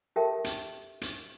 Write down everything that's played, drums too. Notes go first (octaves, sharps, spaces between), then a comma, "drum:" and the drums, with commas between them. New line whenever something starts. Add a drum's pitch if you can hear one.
G4 A4 A#4 E5 G5 A5
drum: hi-hat
drum: hi-hat